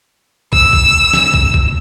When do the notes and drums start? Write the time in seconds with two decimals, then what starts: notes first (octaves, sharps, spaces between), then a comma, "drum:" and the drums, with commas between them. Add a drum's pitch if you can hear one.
0.53 E6, drum: kick
0.73 drum: kick
1.13 drum: snare
1.34 drum: kick
1.54 drum: kick